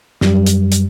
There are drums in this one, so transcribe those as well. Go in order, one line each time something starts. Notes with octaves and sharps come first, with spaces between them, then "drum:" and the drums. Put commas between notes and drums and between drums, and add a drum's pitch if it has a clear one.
F#2 G3, drum: snare
drum: hi-hat
drum: hi-hat